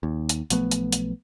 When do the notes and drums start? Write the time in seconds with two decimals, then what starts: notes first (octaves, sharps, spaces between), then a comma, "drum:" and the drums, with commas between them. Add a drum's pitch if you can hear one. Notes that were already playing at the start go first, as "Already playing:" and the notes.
0.03 D#2
0.29 drum: hi-hat
0.50 B1 F3 A3 B3, drum: hi-hat
0.71 drum: hi-hat
0.92 drum: hi-hat